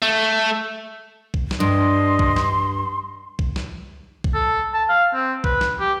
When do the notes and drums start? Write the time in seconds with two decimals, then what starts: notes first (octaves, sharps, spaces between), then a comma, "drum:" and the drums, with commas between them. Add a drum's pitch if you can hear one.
0.02 A3
1.34 drum: kick B1
1.51 drum: snare
1.60 G2 D4 D#5 C6
2.19 drum: kick B1
2.36 drum: snare
3.39 drum: kick B1
3.56 drum: snare
4.24 drum: kick B1
4.34 A4
4.74 A5
4.89 F5
5.14 C4
5.44 B4, drum: kick B1
5.61 drum: snare
5.80 G4